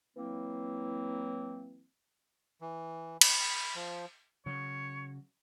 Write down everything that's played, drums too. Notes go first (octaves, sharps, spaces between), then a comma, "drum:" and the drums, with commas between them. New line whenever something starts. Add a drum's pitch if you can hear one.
E3 F#3 A#3 C4 E4
E3
B5, drum: cymbal
F3
C#3 F#3 C#5